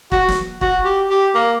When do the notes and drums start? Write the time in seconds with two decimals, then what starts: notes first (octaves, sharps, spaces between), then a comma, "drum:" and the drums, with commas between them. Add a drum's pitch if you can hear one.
0.12 F#4, drum: kick
0.28 drum: snare
0.61 F#4, drum: kick
0.85 G4
1.10 G4
1.35 A#3